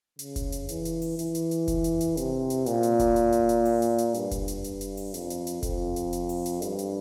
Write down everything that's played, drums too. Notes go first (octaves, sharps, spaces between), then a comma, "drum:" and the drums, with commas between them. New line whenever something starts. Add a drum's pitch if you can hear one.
C#3, drum: hi-hat
drum: kick F1, hi-hat
drum: hi-hat
E3, drum: hi-hat
drum: hi-hat
drum: open hi-hat
E3, drum: hi-hat
drum: hi-hat
drum: hi-hat
drum: kick F1, hi-hat
drum: hi-hat
drum: hi-hat
C3, drum: hi-hat
drum: hi-hat
A#2, drum: hi-hat
drum: hi-hat
drum: kick F1, hi-hat
drum: hi-hat
drum: hi-hat
drum: hi-hat
drum: open hi-hat
drum: hi-hat
drum: hi-hat
G2, drum: hi-hat
drum: kick F1, hi-hat
drum: hi-hat
drum: hi-hat
drum: hi-hat
drum: open hi-hat
F2, drum: hi-hat
drum: hi-hat
drum: hi-hat
F2, drum: kick F1, hi-hat
drum: hi-hat
drum: hi-hat
drum: open hi-hat
drum: hi-hat
G2, drum: hi-hat
drum: hi-hat